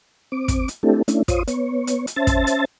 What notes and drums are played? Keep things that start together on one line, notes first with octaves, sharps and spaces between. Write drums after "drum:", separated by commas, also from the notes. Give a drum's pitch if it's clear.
C4 D6
drum: kick, hi-hat
drum: hi-hat
A3 C4 D4 E4 G4 A4
A3 C#4 D4 E4, drum: hi-hat
F4 C5 C#5 D#6, drum: kick, hi-hat
B3 C#5, drum: hi-hat
drum: hi-hat
drum: hi-hat
C#4 C5 E5 A5 A6
drum: kick, hi-hat
drum: hi-hat